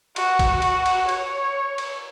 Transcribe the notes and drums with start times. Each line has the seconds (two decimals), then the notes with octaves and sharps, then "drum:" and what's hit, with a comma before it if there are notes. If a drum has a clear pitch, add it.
0.16 F#4, drum: cymbal
0.39 drum: kick, cymbal
0.62 F#4, drum: cymbal
0.86 drum: cymbal
1.09 C#5, drum: cymbal
1.78 drum: cymbal